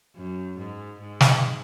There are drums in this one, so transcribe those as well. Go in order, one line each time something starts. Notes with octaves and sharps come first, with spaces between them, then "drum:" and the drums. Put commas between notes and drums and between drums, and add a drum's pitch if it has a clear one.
F#2
G#2
G#2
drum: snare